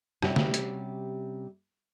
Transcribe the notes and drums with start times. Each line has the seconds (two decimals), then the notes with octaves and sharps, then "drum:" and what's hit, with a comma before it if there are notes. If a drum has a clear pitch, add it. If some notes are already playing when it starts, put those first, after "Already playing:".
0.22 C3 G3 C#4 F#4 G4, drum: rim click
0.36 drum: snare
0.54 drum: hi-hat